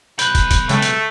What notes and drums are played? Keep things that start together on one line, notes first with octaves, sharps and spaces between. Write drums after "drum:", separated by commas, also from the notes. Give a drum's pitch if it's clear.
B1 B4 F#6 G6, drum: hi-hat
drum: kick, hi-hat
drum: kick, hi-hat
C#3 G#3 A3 G5, drum: hi-hat
drum: hi-hat